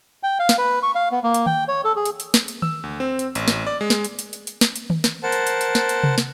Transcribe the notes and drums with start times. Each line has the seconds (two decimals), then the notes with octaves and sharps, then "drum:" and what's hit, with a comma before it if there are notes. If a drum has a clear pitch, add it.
0.23 G5
0.39 F5
0.49 drum: snare
0.58 B4
0.83 C#6
0.95 F5
1.12 B3
1.24 A#3
1.34 drum: hi-hat
1.46 G5, drum: tom D#3
1.68 C#5
1.84 A4
1.96 G#4
2.05 drum: hi-hat
2.20 drum: hi-hat
2.34 drum: snare
2.48 drum: hi-hat
2.62 E6, drum: tom D#3
2.84 D2
3.00 C4
3.19 drum: hi-hat
3.35 A1, drum: hi-hat
3.48 drum: snare
3.67 D5
3.81 G#3
3.90 drum: snare
4.04 drum: hi-hat
4.19 drum: hi-hat
4.33 drum: hi-hat
4.47 drum: hi-hat
4.61 drum: snare
4.76 drum: hi-hat
4.90 drum: tom D#3
5.04 drum: snare
5.23 A#4 C5 F#5 A5
5.32 drum: hi-hat
5.47 drum: hi-hat
5.61 drum: hi-hat
5.75 drum: snare
5.89 drum: hi-hat
6.03 drum: tom C3
6.18 drum: snare